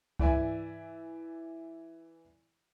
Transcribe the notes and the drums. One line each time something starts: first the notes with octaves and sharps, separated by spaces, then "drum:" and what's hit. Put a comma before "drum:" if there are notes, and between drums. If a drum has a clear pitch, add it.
E3 D5 E5 G#5, drum: kick C#2